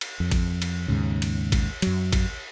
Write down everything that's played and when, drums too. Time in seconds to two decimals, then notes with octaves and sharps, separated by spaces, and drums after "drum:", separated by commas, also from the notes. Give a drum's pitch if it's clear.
0.01 drum: cymbal
0.20 F2
0.31 drum: kick, cymbal
0.62 drum: cymbal
0.88 D#2 G#2 C#3
1.22 drum: cymbal
1.52 drum: kick, cymbal
1.82 F#2 F#3, drum: cymbal
2.12 drum: kick, cymbal